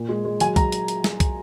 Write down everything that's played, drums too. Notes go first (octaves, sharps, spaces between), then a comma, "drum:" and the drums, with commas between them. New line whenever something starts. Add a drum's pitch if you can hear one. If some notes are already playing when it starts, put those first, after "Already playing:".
Already playing: A#2
G#3
G#3
F#3 G#5, drum: hi-hat
F#3 A#5, drum: kick, hi-hat
drum: hi-hat
drum: hi-hat
drum: snare
drum: kick, hi-hat